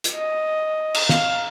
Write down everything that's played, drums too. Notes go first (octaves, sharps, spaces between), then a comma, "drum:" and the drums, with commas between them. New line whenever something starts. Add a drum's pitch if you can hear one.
drum: hi-hat
D#5
drum: cymbal
F5, drum: snare